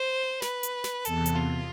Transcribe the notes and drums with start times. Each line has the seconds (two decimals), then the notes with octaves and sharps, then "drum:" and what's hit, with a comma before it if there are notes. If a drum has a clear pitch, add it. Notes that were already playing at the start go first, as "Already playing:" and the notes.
Already playing: C5
0.42 B4, drum: snare
0.63 drum: hi-hat
0.84 drum: snare
1.05 E2 C3 E3 B3 A4, drum: hi-hat
1.26 drum: hi-hat
1.36 F4